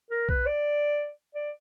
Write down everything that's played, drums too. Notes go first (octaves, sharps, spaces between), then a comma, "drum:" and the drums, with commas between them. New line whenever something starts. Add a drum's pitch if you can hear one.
A#4
B4, drum: kick B1
D5
D5